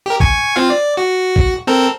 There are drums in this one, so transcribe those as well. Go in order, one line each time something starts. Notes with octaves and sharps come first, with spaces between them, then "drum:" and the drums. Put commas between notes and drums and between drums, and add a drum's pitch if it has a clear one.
G4 A#4
G#5 C#6, drum: kick
C4 F4 F5
D5
F#4
drum: kick
C4 A4 A#4